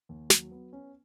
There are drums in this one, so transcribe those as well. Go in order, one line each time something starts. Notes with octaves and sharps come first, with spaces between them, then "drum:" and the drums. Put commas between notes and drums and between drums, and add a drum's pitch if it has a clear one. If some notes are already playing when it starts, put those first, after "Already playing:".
D#2
F#3, drum: snare
B3
C#4